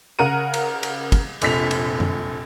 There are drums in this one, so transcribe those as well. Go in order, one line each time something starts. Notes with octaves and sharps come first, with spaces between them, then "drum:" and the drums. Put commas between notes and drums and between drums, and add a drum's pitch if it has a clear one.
C#3 A#4 F#5 A#5 D#7
drum: cymbal
drum: cymbal
drum: kick, cymbal
F1 A#1 B6 F7, drum: cymbal
drum: cymbal
drum: tom F#2